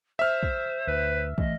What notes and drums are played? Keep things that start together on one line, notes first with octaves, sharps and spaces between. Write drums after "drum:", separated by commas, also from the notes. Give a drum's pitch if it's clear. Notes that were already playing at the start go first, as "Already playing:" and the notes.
C5 E5 F6
drum: kick
D2 B4
E3 A3 D#5, drum: kick